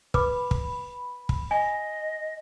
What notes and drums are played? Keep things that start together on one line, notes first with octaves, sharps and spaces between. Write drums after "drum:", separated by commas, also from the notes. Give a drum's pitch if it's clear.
B4 B5 D6, drum: kick
drum: kick
drum: kick
D#5 G#5